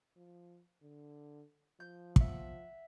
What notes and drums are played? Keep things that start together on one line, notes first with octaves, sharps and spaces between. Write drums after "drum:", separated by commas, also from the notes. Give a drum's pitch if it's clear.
F3
D3
F3 G6
E5 F#5, drum: kick